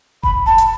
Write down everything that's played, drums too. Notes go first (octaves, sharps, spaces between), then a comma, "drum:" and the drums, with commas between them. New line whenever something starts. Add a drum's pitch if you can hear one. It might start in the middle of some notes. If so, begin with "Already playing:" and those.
B5, drum: kick F1
A5
drum: hi-hat